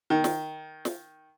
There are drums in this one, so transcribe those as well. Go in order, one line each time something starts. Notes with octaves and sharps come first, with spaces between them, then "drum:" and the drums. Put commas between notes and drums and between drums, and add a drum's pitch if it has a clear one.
D#3
drum: snare
drum: snare